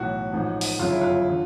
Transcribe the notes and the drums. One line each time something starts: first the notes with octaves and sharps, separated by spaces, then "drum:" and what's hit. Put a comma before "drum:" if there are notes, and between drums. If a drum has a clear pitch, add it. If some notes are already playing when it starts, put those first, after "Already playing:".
Already playing: B1 A2 E3 F#4
A1 G#2 F3
drum: open hi-hat
G1 F#2 C#3 F4
E4
F4
D3